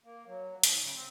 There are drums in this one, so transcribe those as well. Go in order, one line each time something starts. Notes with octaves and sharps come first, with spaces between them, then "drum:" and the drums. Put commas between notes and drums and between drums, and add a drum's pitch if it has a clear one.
A#3
F#3
G#2, drum: hi-hat
C#3
C4